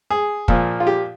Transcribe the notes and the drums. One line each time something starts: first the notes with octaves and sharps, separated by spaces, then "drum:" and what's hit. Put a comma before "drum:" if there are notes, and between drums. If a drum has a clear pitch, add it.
G#4
A#2 F3, drum: kick
F4
G4